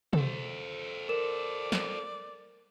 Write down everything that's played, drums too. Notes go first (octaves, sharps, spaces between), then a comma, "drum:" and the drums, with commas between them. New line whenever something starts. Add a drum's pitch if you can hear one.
A4 C5, drum: tom
A#4 D5 E7
drum: snare